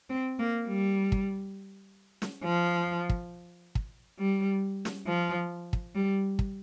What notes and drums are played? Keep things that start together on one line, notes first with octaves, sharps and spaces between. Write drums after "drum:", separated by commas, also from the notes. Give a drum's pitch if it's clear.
C4
A#3
G3
drum: kick
drum: snare
F3
drum: kick
drum: kick
G3
drum: snare
F3
drum: kick
G3
drum: kick